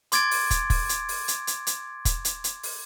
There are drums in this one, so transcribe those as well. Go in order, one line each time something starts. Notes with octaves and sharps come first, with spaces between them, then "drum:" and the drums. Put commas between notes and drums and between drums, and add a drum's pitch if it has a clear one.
C6 D6 G#6 A6 D7, drum: hi-hat
drum: open hi-hat
drum: kick, hi-hat
drum: kick, open hi-hat
drum: hi-hat
drum: open hi-hat
drum: hi-hat
drum: hi-hat
drum: hi-hat
drum: kick, hi-hat
drum: hi-hat
drum: hi-hat
drum: open hi-hat